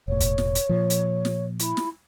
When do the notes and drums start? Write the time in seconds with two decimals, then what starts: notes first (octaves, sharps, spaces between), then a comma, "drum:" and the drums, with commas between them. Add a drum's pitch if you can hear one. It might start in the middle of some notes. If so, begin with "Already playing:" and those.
0.08 E1 A2 C#5
0.21 drum: kick, hi-hat
0.38 drum: snare
0.55 drum: hi-hat
0.69 A#2 F3
0.90 drum: hi-hat
1.25 drum: snare
1.60 E4, drum: hi-hat
1.77 drum: snare